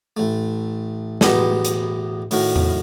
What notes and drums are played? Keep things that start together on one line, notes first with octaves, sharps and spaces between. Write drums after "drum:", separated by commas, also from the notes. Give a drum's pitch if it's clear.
A1 A3
A1 E2 B2 B3 G4 A#5, drum: snare
drum: hi-hat
A2 D#3 F#4 A#4, drum: open hi-hat
drum: tom E2